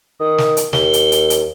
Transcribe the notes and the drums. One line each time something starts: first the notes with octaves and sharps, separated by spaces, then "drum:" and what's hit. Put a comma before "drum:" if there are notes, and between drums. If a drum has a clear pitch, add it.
D#3 D#6
drum: snare
drum: hi-hat
D#2 G7, drum: snare
drum: hi-hat
drum: hi-hat
drum: hi-hat